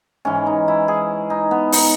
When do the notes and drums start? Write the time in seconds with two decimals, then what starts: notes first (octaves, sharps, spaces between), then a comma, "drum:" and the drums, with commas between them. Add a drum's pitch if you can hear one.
0.25 G#2 E3 C#4
0.46 D#4
0.68 E4
0.88 G#4
1.30 D#4
1.51 B3
1.72 D#4, drum: open hi-hat